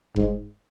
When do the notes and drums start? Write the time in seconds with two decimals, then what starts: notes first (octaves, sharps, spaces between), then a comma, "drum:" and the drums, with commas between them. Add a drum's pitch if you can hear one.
0.16 G#2, drum: kick F1